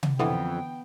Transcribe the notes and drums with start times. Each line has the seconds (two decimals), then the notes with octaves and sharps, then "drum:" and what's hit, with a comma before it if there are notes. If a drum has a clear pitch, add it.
0.03 drum: tom C3
0.19 F2 D3 E3 B3 G5